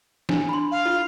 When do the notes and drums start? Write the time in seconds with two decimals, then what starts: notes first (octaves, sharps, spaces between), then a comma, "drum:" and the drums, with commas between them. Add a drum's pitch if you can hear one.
0.29 D4, drum: snare
0.49 B5 C6
0.71 F5
0.86 F4